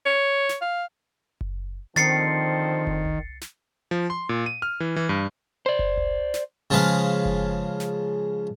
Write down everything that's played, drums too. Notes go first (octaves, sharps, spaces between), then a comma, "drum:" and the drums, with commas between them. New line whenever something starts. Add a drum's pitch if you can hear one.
C#5
drum: snare
F5
drum: kick F#1
D3 D#3 F3 C4 A6 C7 C#7, drum: snare
drum: kick F#1
drum: tom C2
drum: snare
F3
C6
A#2
D#7
F6
E3
E3
G2
C5 D5
drum: kick F#1
drum: tom C2
drum: snare
C#3 F3 G#3 B4 F5
drum: kick F#1
drum: snare